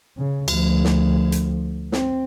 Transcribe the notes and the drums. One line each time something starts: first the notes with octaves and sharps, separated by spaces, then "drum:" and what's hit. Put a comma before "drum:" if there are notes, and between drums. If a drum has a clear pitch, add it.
C#3
D2 F3, drum: cymbal
drum: snare
drum: hi-hat
C4, drum: snare